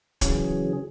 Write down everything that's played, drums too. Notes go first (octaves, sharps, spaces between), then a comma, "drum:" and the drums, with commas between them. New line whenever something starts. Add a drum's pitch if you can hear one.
C#3 E3 F#3 C#4 G#4, drum: kick, hi-hat